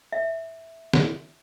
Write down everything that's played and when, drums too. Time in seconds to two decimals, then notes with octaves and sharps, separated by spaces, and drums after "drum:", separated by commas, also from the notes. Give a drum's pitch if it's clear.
0.12 E5
0.93 drum: snare